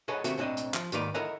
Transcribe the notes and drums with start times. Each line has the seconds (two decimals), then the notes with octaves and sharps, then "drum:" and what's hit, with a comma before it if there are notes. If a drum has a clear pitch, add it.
0.08 G#4 A4 B4 C#5 D#5 F#5
0.24 C3 D#3 A3 C4 F#4, drum: hi-hat
0.37 B1 A2 C4 D4 C#5 D#5
0.57 drum: hi-hat
0.74 F3, drum: clap
0.92 G#2 D#3 A#3 D#4 B4 D5, drum: hi-hat
1.14 E4 A4 A#4 D#5 F#5